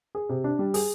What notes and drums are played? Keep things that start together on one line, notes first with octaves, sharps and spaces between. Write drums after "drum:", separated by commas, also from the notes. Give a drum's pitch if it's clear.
G#4
C3
D4
G3
G#4, drum: open hi-hat